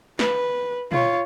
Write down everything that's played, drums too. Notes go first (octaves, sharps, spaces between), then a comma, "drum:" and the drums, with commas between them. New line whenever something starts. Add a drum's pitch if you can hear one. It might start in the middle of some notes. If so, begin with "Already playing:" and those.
B4, drum: snare
F4 C#5, drum: tom A#2